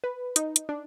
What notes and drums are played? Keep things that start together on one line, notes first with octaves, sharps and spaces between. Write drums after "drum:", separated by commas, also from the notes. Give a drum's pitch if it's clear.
B4
D#4, drum: hi-hat
drum: hi-hat
D4